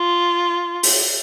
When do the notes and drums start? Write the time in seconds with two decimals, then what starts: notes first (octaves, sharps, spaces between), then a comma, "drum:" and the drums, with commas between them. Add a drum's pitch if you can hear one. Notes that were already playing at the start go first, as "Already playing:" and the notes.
Already playing: F4
0.83 drum: open hi-hat